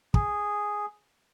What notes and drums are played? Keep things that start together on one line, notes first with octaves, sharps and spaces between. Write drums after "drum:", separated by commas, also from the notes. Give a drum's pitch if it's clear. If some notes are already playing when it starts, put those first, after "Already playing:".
G#4, drum: kick